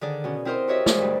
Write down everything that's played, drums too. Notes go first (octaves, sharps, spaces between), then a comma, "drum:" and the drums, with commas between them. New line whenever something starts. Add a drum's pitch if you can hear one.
D3 D#3 G#4 D5
B2 C#4
C4 E4 A#4 C5 D#5 C6
F#4 G4 C#5 D#5 E5
G#4 C5 D5, drum: snare
D2 G2